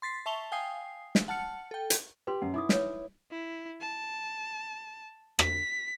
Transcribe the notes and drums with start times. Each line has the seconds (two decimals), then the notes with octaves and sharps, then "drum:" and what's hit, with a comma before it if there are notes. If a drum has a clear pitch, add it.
0.02 C6 A6 B6 C7
0.26 E5 A5 C#6 F7 G7
0.52 F5 G5 G#5 D#6 C7
1.15 drum: snare
1.28 F#5 A5 F6 C#7
1.71 A4 G5
1.90 drum: hi-hat
2.27 G4 B4 C6
2.42 F#2 F#5
2.54 D#4 E4 D6 D#6
2.69 B4 C#5, drum: snare
3.31 E4
3.81 A5
5.39 B6, drum: rim click